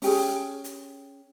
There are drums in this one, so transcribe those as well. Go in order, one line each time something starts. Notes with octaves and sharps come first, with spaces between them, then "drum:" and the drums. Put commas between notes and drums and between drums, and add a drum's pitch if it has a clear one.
C#4 G4 G#4, drum: open hi-hat
drum: hi-hat